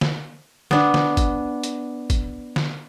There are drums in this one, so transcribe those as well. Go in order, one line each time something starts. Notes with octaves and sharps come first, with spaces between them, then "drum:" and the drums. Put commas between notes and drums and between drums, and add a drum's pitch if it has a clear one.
drum: snare
B3 D4, drum: snare
drum: snare
drum: kick, hi-hat
drum: hi-hat
drum: kick, hi-hat
drum: snare